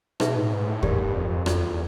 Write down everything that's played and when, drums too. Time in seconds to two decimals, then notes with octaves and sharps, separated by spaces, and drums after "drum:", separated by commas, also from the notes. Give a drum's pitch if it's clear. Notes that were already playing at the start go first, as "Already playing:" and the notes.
0.20 B2 D#4 G#4 B4 E5, drum: rim click
0.36 A2
0.52 G#2
0.67 A2
0.83 G#2 G4 A#4 D5, drum: kick
0.99 G2
1.15 F2
1.30 F2
1.46 F2 F4 A4 D5, drum: rim click
1.62 E2